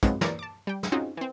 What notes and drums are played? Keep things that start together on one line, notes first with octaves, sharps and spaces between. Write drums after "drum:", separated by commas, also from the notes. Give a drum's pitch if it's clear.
F3 F#3 G#3 B3 C4 D#4, drum: kick, hi-hat
E3 A#3 A#4 B4 C#5 D5, drum: snare
A5 D6
G3 G5
drum: snare
C4 C#4 D#4 F4 F#4 G#4
E3 C4